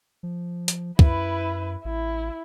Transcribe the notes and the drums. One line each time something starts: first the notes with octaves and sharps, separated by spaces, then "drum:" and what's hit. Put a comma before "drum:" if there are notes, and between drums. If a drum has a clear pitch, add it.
F3
drum: hi-hat
F#2 E4 B4, drum: kick
A1 E4